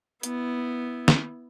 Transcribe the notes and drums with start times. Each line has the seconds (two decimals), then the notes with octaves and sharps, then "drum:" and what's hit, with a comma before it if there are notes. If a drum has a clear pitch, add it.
0.23 B3 E4, drum: hi-hat
1.08 drum: snare